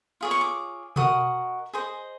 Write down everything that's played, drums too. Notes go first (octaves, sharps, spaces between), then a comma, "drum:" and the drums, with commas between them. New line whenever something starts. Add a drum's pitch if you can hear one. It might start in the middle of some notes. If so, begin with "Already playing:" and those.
F4 G#4 C#5
C#6
D6
F#4 A#4 D#5 D#6, drum: tom B2
G#4 C5 D#5